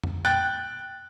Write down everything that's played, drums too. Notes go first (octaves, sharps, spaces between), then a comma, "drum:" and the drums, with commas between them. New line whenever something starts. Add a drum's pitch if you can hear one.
drum: tom F2
G5 F#6 A6